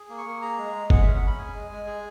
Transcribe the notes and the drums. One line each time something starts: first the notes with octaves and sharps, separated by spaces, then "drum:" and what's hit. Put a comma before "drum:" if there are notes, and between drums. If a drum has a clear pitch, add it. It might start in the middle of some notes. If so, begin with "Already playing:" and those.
Already playing: G#4
A#3
C#6
A#3
G#4 A#5
G#3
G#3
G#4 F#5, drum: kick G1
C#4 E5
F#5
C#4 B5
G#4 G#5
G#3
G#3
G#4